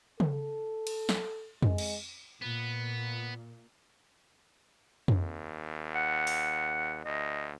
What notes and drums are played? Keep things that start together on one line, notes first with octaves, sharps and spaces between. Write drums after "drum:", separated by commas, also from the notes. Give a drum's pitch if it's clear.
A4, drum: tom C#3
drum: cymbal
drum: snare
G#3, drum: tom F2
drum: cymbal
A#2 B3
D#2, drum: tom F2
F#5
drum: open hi-hat
D2 D#5